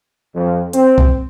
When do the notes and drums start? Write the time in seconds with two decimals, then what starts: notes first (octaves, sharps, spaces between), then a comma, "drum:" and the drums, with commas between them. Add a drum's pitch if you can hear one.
0.35 F2
0.73 C4, drum: hi-hat
0.98 drum: kick